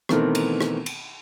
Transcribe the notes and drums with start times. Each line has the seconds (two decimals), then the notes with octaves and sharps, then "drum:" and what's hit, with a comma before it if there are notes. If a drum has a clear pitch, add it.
0.09 B2 D#3 E3 A3 C4 A#4, drum: rim click
0.35 drum: cymbal
0.61 drum: rim click
0.86 drum: cymbal